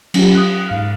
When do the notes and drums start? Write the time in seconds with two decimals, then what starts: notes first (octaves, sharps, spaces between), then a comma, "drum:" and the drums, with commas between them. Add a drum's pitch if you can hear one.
0.14 F#3 C#4 F4 G4, drum: cymbal
0.35 D#6 F#6
0.68 G#2 F5 F6